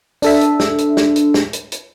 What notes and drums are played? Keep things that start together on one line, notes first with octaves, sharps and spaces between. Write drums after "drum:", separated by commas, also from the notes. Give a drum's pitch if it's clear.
D4 A4 E5, drum: open hi-hat
drum: hi-hat
drum: snare
drum: hi-hat
drum: snare
drum: hi-hat
drum: snare
drum: hi-hat
drum: hi-hat